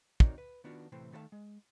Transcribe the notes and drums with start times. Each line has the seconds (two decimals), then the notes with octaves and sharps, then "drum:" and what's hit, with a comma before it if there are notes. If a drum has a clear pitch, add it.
0.20 C4 D#4 F#4 A#4 C#5 D5, drum: kick
0.38 B4
0.64 D#3 B3 D4 F4 F#4
0.92 A2 C3 E3 C4
1.12 D#3 A3 A4 B4 F5 A5
1.32 G#3